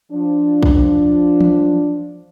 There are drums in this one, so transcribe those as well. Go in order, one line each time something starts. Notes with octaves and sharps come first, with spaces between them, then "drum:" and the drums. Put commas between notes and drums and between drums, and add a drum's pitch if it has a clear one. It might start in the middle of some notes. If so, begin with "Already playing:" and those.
F3 D4
drum: kick
drum: tom E3